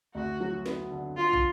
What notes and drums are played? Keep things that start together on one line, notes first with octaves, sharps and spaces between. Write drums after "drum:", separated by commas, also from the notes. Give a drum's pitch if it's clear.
D2 F#4
F#3
B3, drum: snare
D3
D3 F4
drum: kick